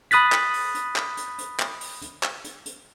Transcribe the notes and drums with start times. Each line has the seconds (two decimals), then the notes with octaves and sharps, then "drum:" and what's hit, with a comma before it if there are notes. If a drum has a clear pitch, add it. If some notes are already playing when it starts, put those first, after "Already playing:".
0.11 B5 D#6 F#6 A6 B6, drum: hi-hat
0.32 drum: clap
0.53 drum: open hi-hat
0.75 drum: hi-hat
0.96 drum: clap
1.17 drum: hi-hat
1.38 drum: hi-hat
1.59 drum: clap
1.81 drum: open hi-hat
2.02 drum: hi-hat
2.23 drum: clap
2.44 drum: hi-hat
2.65 drum: hi-hat